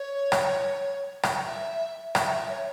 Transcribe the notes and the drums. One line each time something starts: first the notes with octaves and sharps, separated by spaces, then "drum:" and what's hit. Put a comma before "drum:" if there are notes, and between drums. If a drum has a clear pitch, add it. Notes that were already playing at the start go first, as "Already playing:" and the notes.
Already playing: C#5
drum: rim click
drum: rim click
E5
E5, drum: rim click
E5
C#5